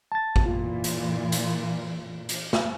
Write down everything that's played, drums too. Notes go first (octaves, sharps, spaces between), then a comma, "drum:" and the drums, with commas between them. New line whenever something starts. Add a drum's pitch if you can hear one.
A5 A6
drum: kick A1
A#2 E3 F4
drum: hi-hat
drum: hi-hat
drum: hi-hat
drum: snare